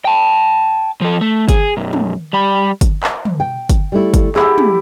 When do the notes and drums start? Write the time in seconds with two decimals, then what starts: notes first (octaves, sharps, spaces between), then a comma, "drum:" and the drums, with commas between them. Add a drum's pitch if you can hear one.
0.05 G5 A5
1.01 F3 A4
1.21 A3
1.49 G#4, drum: kick G1, hi-hat
1.77 B1 F#2
1.93 drum: tom
2.33 G3 B5
2.81 drum: kick G1, hi-hat
3.03 drum: clap
3.25 drum: tom
3.40 G5
3.69 drum: kick G1, hi-hat
3.92 G3 A3 E4
4.14 drum: kick G1, hi-hat
4.36 E4 G4 G#4, drum: clap
4.58 drum: tom